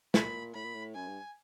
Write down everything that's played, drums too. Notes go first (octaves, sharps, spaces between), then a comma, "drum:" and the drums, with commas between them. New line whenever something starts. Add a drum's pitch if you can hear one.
A#2 B5, drum: snare
A2 B5
A#2
A2
F#2 G#5
G2